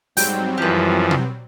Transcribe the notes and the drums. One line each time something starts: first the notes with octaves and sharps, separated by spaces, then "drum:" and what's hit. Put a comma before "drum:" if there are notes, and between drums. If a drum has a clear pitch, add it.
G#2 F#3 G3 C4 G5, drum: open hi-hat
F#2 E3 F3 G4 B4
drum: tom B2